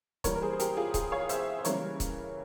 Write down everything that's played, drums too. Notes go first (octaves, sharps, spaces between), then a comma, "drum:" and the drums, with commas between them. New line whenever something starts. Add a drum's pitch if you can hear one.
E3 G3 A#3 A#4 C#5, drum: kick C#1, hi-hat
A#4
G#4 C5
C5
G4 A#4, drum: hi-hat
F4 G#4
F4 G#4, drum: kick C#1, hi-hat
C#5 F5
C5 E5, drum: hi-hat
C5
C#3 E3 G3 A#3 A#4 C#5, drum: hi-hat
drum: kick C#1, hi-hat